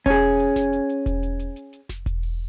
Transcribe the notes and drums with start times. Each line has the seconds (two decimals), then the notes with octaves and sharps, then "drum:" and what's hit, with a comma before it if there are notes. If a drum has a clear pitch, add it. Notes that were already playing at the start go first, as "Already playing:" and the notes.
0.06 C#4 G#4, drum: kick E1, hi-hat
0.23 drum: open hi-hat
0.39 drum: hi-hat
0.56 drum: snare F1
0.73 drum: hi-hat
0.89 drum: hi-hat
1.06 drum: kick E1, hi-hat
1.23 drum: hi-hat
1.39 drum: hi-hat
1.56 drum: hi-hat
1.73 drum: hi-hat
1.89 drum: snare F1
2.06 drum: kick E1, hi-hat
2.23 drum: open hi-hat